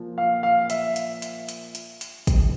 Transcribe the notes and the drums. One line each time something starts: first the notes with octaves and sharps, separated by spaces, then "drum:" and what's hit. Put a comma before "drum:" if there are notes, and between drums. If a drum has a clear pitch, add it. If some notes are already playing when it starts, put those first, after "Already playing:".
Already playing: A#2 F3
F5
F5
E5, drum: hi-hat
drum: hi-hat
drum: hi-hat
drum: hi-hat
drum: hi-hat
drum: hi-hat
drum: kick, hi-hat